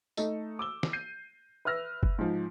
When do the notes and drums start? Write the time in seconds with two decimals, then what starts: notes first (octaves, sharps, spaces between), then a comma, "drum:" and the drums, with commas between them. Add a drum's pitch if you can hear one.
0.17 A3 D#4 A4 D#5, drum: tambourine
0.59 D6 E6 G7
0.83 drum: snare
0.93 G6 C7 D#7
1.65 B4 E5 E6 F6 A#6
2.03 drum: kick F#1
2.18 G#2 F3